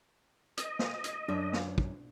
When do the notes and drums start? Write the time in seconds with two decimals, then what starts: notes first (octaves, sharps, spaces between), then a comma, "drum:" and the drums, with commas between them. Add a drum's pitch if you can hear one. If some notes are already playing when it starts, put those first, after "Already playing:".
0.57 D#5, drum: hi-hat
0.79 drum: snare
1.04 drum: hi-hat
1.28 F#2 D4 E5
1.53 drum: snare
1.78 drum: kick